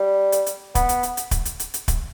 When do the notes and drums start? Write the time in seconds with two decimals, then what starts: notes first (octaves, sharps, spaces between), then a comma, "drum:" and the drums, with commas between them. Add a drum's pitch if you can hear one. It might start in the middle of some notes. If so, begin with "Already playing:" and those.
Already playing: G3
0.32 drum: hi-hat
0.46 drum: hi-hat
0.75 B3, drum: kick, hi-hat
0.89 drum: hi-hat
1.03 drum: hi-hat
1.17 drum: hi-hat
1.31 drum: kick, hi-hat
1.45 drum: hi-hat
1.60 drum: hi-hat
1.74 drum: hi-hat
1.88 drum: kick, hi-hat